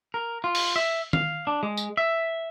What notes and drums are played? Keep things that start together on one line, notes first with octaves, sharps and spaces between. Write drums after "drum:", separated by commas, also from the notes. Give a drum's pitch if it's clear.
A#4
F4
drum: open hi-hat
E5
F5, drum: tom
D4
G#3
drum: tambourine
E5